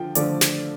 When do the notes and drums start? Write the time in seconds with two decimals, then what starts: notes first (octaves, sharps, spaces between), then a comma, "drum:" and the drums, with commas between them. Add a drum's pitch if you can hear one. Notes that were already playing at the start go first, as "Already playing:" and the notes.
Already playing: D3 F3 G5
0.15 D3 F3 A3 D5, drum: hi-hat
0.41 drum: snare